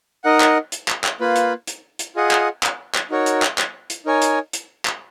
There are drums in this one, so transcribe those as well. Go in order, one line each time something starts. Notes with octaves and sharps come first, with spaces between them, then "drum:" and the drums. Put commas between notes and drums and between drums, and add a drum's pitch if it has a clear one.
D#4 A#4 D#5 F#5
drum: clap
drum: hi-hat
drum: clap
drum: clap
A#3 F4 B4
drum: hi-hat
drum: hi-hat
drum: hi-hat
F4 G#4 D#5 F#5
drum: clap
drum: clap
drum: clap
D#4 F#4 A#4 C#5
drum: hi-hat
drum: clap
drum: clap
drum: hi-hat
D#4 A#4 C#5 G#5
drum: hi-hat
drum: hi-hat
drum: clap